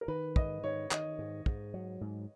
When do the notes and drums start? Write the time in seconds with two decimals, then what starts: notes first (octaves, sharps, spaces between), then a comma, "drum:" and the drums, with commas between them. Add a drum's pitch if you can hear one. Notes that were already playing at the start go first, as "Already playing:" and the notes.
0.01 A#4
0.08 D#3 B4
0.36 G#2 D#5, drum: kick
0.64 D#3 C#5
0.91 D#3 D#5, drum: clap
1.19 G#2
1.46 G#2, drum: kick
1.74 F#3
2.01 G#2